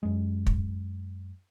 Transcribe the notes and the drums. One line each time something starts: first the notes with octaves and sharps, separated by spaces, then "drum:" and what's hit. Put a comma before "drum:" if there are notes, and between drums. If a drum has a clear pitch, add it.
F#2 G#3
drum: kick